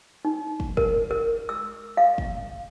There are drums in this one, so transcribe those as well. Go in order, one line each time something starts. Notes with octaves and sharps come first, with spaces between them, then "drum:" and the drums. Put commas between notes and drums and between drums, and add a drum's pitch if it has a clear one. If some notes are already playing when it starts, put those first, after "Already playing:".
D#4
drum: kick
A#4, drum: kick
A#4
E6
F5
drum: kick